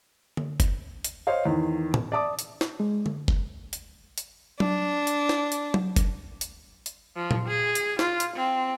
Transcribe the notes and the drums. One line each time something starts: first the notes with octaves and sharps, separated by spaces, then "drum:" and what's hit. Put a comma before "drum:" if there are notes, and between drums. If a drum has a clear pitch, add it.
drum: tom D3
drum: kick F#1, hi-hat
drum: hi-hat
C5 C#5 D#5 F5
E2 D#3
drum: tom
D5 E5 A5 D6 D#6
drum: hi-hat
drum: snare
G#3
drum: tom D3
drum: kick F#1
drum: hi-hat
drum: hi-hat
D4, drum: tom F#3
drum: hi-hat
drum: snare
drum: hi-hat
drum: tom F#3
drum: kick F#1, hi-hat
drum: hi-hat
drum: hi-hat
F3
drum: tom A#2
G#4
drum: hi-hat
F4, drum: snare
drum: hi-hat
C4